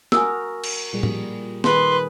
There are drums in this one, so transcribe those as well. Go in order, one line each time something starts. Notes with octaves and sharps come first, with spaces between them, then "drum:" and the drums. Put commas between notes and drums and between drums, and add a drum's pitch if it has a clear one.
F#4 A#4 G#5 D#6 E6, drum: snare
drum: cymbal
A#2 G3 G#4
drum: tom
D#3 G#4 B4 C6, drum: snare